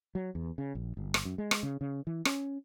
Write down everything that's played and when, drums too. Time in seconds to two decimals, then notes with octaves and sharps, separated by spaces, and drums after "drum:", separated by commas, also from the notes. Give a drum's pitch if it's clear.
0.15 F#3
0.35 E2
0.58 C#3
0.75 A#1
0.97 G1
1.14 drum: rim click
1.25 F#2
1.38 G#3
1.51 drum: rim click
1.63 C#3
1.81 C#3
2.07 E3
2.25 C#4, drum: rim click